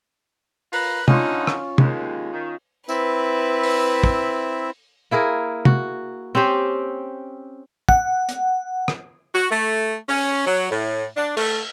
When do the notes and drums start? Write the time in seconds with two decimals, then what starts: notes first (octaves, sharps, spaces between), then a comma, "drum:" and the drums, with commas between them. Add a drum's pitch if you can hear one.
0.73 F4 A#4 B4, drum: open hi-hat
1.08 D3 C#4 D#4 F4 C6, drum: tom
1.47 C#6, drum: rim click
1.78 D#2 G#3, drum: tom
2.33 D#3
2.89 C4 E4 B4 E5, drum: tambourine
3.63 drum: open hi-hat
4.04 drum: kick
5.11 A#3 E4 G#4 A#4
5.65 F#4, drum: tom
6.35 C4 C#4 G4 C5
7.89 F#5, drum: kick
8.29 drum: hi-hat
8.88 drum: rim click
9.34 F#4
9.51 A3
10.09 C#4, drum: open hi-hat
10.47 F#3
10.71 A2
11.17 D4
11.37 A3, drum: cymbal